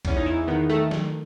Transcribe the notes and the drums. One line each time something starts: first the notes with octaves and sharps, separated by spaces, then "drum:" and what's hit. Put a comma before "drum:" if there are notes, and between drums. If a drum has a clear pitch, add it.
E2 C#4, drum: kick A#1, cymbal
D#4
E2 E4
D#3 B3
D#3 A3
drum: snare